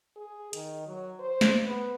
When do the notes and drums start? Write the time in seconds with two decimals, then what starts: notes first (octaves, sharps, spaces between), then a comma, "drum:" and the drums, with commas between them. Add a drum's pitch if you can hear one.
0.16 G#4
0.53 D#3, drum: hi-hat
0.87 F#3
1.19 C5
1.41 drum: snare
1.65 B3